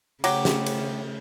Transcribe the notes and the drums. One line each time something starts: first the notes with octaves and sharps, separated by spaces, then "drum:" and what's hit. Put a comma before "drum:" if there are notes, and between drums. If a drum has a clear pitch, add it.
C#3 F#3 A3 G4, drum: cymbal
drum: snare
drum: cymbal